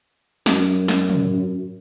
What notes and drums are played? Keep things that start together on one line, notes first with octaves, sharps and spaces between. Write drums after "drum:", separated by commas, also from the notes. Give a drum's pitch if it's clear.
F#2, drum: snare
drum: snare
drum: tom